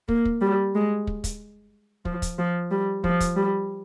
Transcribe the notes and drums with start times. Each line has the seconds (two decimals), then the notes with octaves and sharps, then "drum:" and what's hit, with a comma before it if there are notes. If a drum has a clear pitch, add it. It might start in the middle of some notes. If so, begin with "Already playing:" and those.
0.08 A#3, drum: kick
0.25 drum: kick
0.41 G3
0.75 G#3
1.07 drum: kick
1.24 drum: kick, hi-hat
2.05 F3, drum: kick
2.22 drum: kick, hi-hat
2.38 F3
2.71 G3
3.04 F3, drum: kick
3.20 drum: kick, hi-hat
3.36 G3